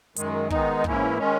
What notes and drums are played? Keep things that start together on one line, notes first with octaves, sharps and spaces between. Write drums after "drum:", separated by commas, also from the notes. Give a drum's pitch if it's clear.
F#2 D#3 G#3, drum: hi-hat
D#3 G#3 B3 D#4, drum: kick
G#2 E3 A#3 C#4 E4, drum: kick
D#3 G#3 C#4